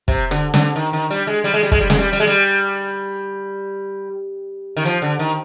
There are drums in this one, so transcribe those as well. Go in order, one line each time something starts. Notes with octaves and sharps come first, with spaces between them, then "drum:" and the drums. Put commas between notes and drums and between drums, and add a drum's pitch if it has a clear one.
C3, drum: kick
D3, drum: rim click
D3, drum: snare
D#3
D#3
G3
G#3
G3
G#3
G3
G#3, drum: kick
G3
G#3, drum: snare
G3
G3
G#3
G3
D#3
F3, drum: hi-hat
D3
D#3